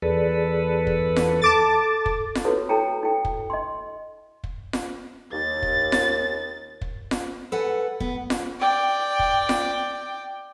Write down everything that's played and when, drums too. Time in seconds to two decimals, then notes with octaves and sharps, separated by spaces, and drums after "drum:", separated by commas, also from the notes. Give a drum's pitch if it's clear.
0.02 E2 G#4 A4 B4 D5
0.87 drum: kick
1.16 drum: snare F4
1.42 A4 A5 D6 A6
2.06 drum: kick
2.35 drum: snare F4
2.45 E4 F#4 A4 B4 C#5
2.69 E4 A4 C#5 G5 A#5
3.03 E4 A4 G5
3.25 drum: kick
3.50 D#5 C6
4.44 drum: kick
4.73 drum: snare F4
5.32 D#2 A6
5.62 drum: kick
5.92 drum: snare F4
6.81 drum: kick
7.11 drum: snare F4
7.52 A4 B4 F#5 G#5
8.00 B3, drum: kick
8.30 drum: snare F4
8.60 D5 G5
9.19 drum: kick
9.49 drum: snare F4